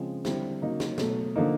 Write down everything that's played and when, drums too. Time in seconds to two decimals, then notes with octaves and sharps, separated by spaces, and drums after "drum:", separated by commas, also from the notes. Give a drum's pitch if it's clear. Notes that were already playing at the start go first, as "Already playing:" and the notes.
Already playing: C#3 F3 G#3 C4
0.25 D3 G3 C4 E4, drum: snare
0.62 C#3 F#3 A#3 D#4
0.80 drum: snare
0.98 B2 F#3 A3, drum: snare
1.36 D3 F3 A#3 D#4